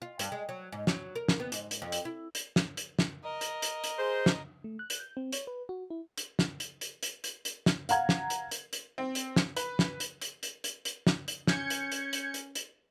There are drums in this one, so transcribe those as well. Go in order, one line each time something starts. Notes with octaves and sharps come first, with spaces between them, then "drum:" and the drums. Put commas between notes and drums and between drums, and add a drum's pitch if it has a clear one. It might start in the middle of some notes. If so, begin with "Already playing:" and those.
F4
G2, drum: hi-hat
G#3
F#3
G#2
F#3, drum: snare
A#4
drum: snare
B3
G#2, drum: hi-hat
drum: hi-hat
F2
drum: hi-hat
E4
drum: hi-hat
drum: snare
drum: hi-hat
drum: snare
A#4 D#5
drum: hi-hat
drum: hi-hat
drum: hi-hat
G#4 C5
drum: snare
A3
F#6
drum: hi-hat
G6
C4
C#5, drum: hi-hat
B4
F#4
E4
drum: hi-hat
drum: snare
drum: hi-hat
drum: hi-hat
drum: hi-hat
drum: hi-hat
drum: hi-hat
drum: snare
F5 F#5 A#5 G#6, drum: hi-hat
drum: snare
drum: hi-hat
drum: hi-hat
drum: hi-hat
C4
drum: hi-hat
drum: snare
B4, drum: hi-hat
drum: snare
drum: hi-hat
drum: hi-hat
drum: hi-hat
drum: hi-hat
drum: hi-hat
drum: snare
drum: hi-hat
C#4 G6 G#6 C#7, drum: snare
drum: hi-hat
drum: hi-hat
drum: hi-hat
drum: hi-hat
drum: hi-hat